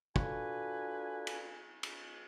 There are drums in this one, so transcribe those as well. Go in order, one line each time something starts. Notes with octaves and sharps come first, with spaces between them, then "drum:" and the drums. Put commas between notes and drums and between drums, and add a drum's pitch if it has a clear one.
D4 F4 F#4 A4 B4 G#5, drum: kick
drum: cymbal
drum: cymbal